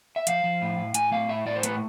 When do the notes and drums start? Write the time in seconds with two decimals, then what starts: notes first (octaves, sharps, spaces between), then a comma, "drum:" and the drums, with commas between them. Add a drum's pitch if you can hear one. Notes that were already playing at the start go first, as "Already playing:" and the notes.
0.16 E5
0.27 F3 F5, drum: hi-hat
0.44 F3
0.62 A2
0.78 A2
0.94 A2 G#5, drum: hi-hat
1.12 A3 F5
1.29 A2 E5
1.46 A2 D5
1.56 C5
1.63 A3 B4, drum: hi-hat